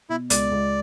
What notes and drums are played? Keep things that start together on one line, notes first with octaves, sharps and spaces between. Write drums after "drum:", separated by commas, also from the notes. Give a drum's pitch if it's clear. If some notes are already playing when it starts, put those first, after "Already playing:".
B2 E4
C#2 D5, drum: hi-hat
C#2